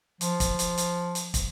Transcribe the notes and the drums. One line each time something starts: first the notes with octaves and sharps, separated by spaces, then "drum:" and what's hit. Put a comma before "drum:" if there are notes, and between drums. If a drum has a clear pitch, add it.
F3, drum: hi-hat
drum: kick, hi-hat
drum: hi-hat
drum: hi-hat
drum: hi-hat
drum: kick, hi-hat